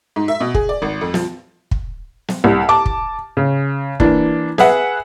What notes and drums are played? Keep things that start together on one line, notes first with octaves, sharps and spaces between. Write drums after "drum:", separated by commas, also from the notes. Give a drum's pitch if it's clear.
G#2
E5
B2
G#4, drum: kick
D5
G#1
F2
F3, drum: snare
drum: kick
drum: snare
C2
A5 D6
drum: kick
C#3
E3 A#3 D4, drum: kick
G#4 B4 E5 F#5, drum: snare